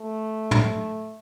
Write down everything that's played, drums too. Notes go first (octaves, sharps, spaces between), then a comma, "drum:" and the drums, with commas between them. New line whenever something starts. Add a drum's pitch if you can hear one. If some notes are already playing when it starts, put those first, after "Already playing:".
Already playing: A3
drum: tom